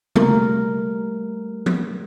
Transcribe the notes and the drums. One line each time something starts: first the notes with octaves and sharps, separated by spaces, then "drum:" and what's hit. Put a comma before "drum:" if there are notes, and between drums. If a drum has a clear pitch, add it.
G3 A3 A#4, drum: tom C3
drum: tom F3